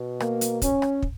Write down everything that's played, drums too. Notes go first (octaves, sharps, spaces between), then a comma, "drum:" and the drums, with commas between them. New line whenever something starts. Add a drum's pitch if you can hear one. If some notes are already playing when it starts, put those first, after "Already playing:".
Already playing: B2
A#3, drum: rim click
drum: hi-hat
C#4, drum: kick, hi-hat
drum: rim click
drum: kick